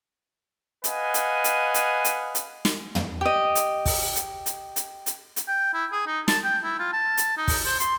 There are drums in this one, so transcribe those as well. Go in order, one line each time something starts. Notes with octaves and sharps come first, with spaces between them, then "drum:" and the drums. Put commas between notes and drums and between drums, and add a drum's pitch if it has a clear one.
B4 D#5 F5 F#5 G#5, drum: hi-hat
drum: hi-hat
drum: hi-hat
drum: hi-hat
drum: hi-hat
drum: hi-hat
drum: snare
drum: tom
G4 D#5
drum: hi-hat
drum: kick, open hi-hat
drum: hi-hat
drum: hi-hat
drum: hi-hat
drum: hi-hat
drum: hi-hat
G5
E4
G#4
D#4
A5, drum: snare
G5
E4
F4
A5
drum: hi-hat
D#4
drum: kick, open hi-hat
C5
C6, drum: hi-hat